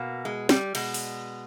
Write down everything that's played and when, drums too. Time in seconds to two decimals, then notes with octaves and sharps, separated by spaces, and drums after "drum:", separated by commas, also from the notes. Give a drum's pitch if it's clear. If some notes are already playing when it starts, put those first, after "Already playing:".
Already playing: B2 A#3
0.25 G#3
0.49 G3, drum: snare
0.75 B2 G#3, drum: cymbal
0.94 drum: open hi-hat